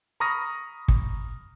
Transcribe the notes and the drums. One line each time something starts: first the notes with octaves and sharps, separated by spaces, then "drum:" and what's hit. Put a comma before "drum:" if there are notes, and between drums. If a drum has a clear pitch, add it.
A#5 B5 C#6 D#6 F6 A#6
drum: kick